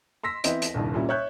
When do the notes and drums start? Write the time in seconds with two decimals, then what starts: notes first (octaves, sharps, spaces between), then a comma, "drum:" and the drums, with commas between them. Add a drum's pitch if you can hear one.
0.24 C6 E6 A#6 B6
0.44 E3 B3 C4 E4 C5 D#5, drum: hi-hat
0.62 drum: hi-hat
0.74 D#1 C2 G2
0.94 A#2 G3 C#4 E4
1.09 C#5 E5 F#6 G6